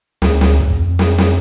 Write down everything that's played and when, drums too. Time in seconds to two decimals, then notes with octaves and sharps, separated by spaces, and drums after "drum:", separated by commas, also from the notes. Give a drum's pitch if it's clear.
0.22 D2, drum: snare
0.41 drum: snare
0.60 drum: kick
0.71 F2
0.99 drum: snare
1.18 drum: snare